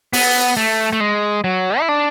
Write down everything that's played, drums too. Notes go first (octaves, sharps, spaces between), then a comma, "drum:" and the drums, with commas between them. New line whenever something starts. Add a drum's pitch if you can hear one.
B3, drum: open hi-hat
A3
A3
G#3
F#3
E4
D4